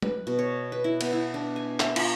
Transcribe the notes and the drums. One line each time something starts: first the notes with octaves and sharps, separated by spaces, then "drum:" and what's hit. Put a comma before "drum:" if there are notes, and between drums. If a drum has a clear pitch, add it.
B4, drum: tom
B2
C#5
B4
E4
B3, drum: cymbal
E4
D4
G#5
E5, drum: clap
F4, drum: cymbal